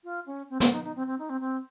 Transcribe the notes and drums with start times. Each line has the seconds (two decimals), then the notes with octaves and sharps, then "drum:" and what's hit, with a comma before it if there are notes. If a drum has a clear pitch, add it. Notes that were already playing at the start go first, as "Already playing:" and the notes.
0.04 F4
0.26 C#4
0.50 C4
0.60 C#4, drum: snare
0.72 D#4
0.84 D#4
0.96 C4
1.07 C4
1.19 D#4
1.29 C4
1.41 C4